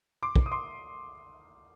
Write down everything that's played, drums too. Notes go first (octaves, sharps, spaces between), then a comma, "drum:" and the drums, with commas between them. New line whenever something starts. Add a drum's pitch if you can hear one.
C6 D6
drum: kick
D#6
C6 D6